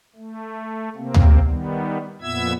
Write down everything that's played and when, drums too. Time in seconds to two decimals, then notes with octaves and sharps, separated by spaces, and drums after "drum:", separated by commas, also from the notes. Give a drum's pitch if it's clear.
0.16 A3
0.96 C3 A#3 C4
1.14 drum: tom
1.46 D#3 G3 B3
2.21 F2 A#2 B3 E5 E6 G#6